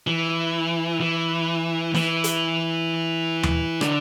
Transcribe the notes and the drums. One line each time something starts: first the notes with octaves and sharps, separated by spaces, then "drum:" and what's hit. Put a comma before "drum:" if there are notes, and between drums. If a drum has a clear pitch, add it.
E3
E3
E3, drum: snare
drum: hi-hat
drum: tom D#2
D3, drum: rim click